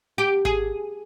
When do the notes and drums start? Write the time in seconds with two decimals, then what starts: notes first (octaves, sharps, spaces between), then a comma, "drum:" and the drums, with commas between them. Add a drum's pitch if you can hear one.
0.18 G4
0.45 G#4, drum: kick G#1